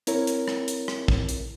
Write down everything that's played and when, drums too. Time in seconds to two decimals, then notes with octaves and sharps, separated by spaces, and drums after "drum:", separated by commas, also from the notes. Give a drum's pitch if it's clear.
0.07 C4 E4 A#4 C#5, drum: hi-hat
0.27 drum: hi-hat
0.48 drum: rim click
0.68 drum: hi-hat
0.88 drum: rim click
1.08 drum: kick
1.29 drum: hi-hat